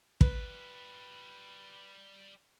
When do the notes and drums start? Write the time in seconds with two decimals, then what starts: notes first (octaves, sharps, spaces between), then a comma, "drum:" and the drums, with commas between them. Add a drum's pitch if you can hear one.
0.21 G3 F4 B4, drum: kick